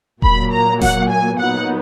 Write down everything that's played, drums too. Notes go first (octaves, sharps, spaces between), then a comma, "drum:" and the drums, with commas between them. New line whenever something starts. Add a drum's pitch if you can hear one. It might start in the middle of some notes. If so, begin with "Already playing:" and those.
A#2 F#3 A#3 B5, drum: kick E1
A#5
F#5, drum: snare E1
G#5
A#2 F#3 B3 D#4 F#5